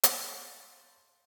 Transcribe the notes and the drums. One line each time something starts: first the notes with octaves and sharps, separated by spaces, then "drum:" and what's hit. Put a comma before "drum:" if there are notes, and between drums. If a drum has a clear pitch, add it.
F5 A5 B5 C6 G6 A6, drum: hi-hat